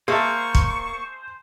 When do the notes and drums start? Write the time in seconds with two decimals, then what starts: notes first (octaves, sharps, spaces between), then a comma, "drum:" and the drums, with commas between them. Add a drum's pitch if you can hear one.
0.08 A#3 G#4 C5 E5 A5 C#6
0.55 drum: kick